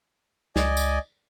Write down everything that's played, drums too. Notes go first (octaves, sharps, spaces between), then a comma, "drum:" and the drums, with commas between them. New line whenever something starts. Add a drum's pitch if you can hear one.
C#2 D5 D#5 G#5, drum: snare
drum: tambourine